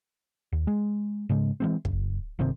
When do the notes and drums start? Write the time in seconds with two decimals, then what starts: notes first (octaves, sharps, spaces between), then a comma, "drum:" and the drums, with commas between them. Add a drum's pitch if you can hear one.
0.53 D#2
0.67 G#3
1.29 G#2 C#3 G#3
1.60 E3 G#3 C4
1.85 F#1, drum: kick
2.39 G1 C3 D#3 C4